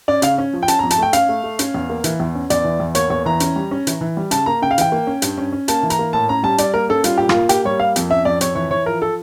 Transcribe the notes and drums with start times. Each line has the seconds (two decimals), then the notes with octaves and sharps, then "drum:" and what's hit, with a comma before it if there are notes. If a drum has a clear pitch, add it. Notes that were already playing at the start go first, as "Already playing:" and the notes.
0.08 C#4 D5
0.22 C#3 F5, drum: hi-hat
0.38 C#4
0.53 F3
0.63 G5
0.68 C#4 A5, drum: hi-hat
0.79 A#5
0.83 F2
0.91 A5, drum: hi-hat
0.98 A3 G5
1.13 C#4 F5, drum: hi-hat
1.29 A3
1.44 A3
1.59 C#4, drum: hi-hat
1.74 E2
1.90 A#3
2.04 E3, drum: hi-hat
2.20 E2
2.35 C#4
2.50 E2 D5, drum: hi-hat
2.64 E3
2.80 E2
2.95 A#3 C#5, drum: hi-hat
3.10 E2 C#5
3.25 E3 A#5
3.40 C#4, drum: hi-hat
3.56 G3
3.71 C#4
3.87 E3, drum: hi-hat
4.01 E3
4.17 G3
4.31 C#3 A5, drum: hi-hat
4.46 A#3 A#5
4.62 C#3 G5
4.71 F5
4.78 E3 G5, drum: hi-hat
4.92 A#3
5.07 C#4
5.22 G2, drum: hi-hat
5.38 C#4
5.53 C#4
5.68 A#3 A5, drum: hi-hat
5.83 E3
5.90 A#5, drum: hi-hat
5.99 A#3
6.13 A2 A5
6.29 C#4 A#5
6.43 G3 A5
6.58 G3 D5, drum: hi-hat
6.74 A#3 A#4
6.89 C#4 A4
7.04 G3 F4, drum: hi-hat
7.18 A#2 G4
7.29 F4, drum: rim click
7.35 A#3
7.49 A#3 G4, drum: hi-hat
7.65 G3 C#5
7.80 A#3 F5
7.96 F2, drum: hi-hat
8.10 C#4 E5
8.25 F2 D5
8.41 F2 C#5, drum: hi-hat
8.55 E3 C#5
8.71 E3 C#5
8.86 F3 A#4
9.02 A4